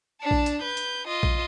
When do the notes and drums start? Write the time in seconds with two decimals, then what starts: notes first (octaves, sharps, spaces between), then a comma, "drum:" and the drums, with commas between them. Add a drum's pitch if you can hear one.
0.21 D4 A5
0.31 drum: kick A#1
0.46 drum: hi-hat
0.62 B4 G6
0.77 drum: hi-hat
1.08 F4 D#5
1.23 drum: kick A#1